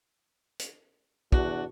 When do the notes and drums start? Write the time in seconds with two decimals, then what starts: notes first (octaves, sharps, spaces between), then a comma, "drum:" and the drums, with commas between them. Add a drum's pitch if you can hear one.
0.59 drum: hi-hat
1.32 E2 D4 F#4, drum: kick